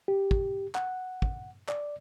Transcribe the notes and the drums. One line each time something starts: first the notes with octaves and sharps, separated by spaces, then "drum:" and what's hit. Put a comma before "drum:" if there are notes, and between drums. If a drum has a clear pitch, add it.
G4
drum: kick
F#5, drum: clap
drum: kick
D5, drum: clap